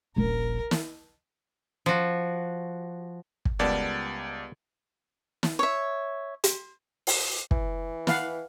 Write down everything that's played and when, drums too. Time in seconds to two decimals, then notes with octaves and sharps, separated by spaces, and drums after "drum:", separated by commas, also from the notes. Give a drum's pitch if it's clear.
0.16 D#1 A#1 A#4
0.71 drum: snare
1.86 F3 F#4
3.45 drum: kick
3.59 C#2 G3 B3 A#4 D5 A5
5.43 drum: snare
5.59 C#5 E5
6.44 drum: hi-hat
7.07 drum: open hi-hat
7.51 E3, drum: kick
8.07 B4 F5 F#5, drum: snare